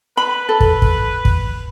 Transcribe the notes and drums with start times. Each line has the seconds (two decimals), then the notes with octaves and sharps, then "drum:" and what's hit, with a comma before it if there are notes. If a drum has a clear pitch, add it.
0.17 B4 B5
0.49 A4
0.60 drum: kick
0.82 drum: kick
1.25 drum: kick